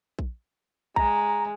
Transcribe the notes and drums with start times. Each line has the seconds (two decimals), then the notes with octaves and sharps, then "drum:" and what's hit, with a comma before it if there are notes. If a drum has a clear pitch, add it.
0.19 drum: kick A#1
0.96 G#3 A#5, drum: kick A#1